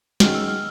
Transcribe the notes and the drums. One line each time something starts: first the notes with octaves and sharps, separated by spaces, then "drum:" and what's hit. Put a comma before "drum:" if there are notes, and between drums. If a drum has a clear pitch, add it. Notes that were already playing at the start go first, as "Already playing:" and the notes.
D#3 G#3 C#4 F#4 F6, drum: snare
E6
F6